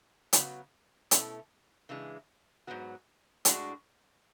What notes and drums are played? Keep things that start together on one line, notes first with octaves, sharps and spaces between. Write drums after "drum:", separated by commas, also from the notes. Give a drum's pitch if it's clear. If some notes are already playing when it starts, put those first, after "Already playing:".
C#3 F#3 B3 F#4, drum: hi-hat
B2 A3 C#4 E4, drum: hi-hat
C#3 E3 G#3 D4
G#2 F#3 B3 F#4
A2 G#3 D4 F#4, drum: hi-hat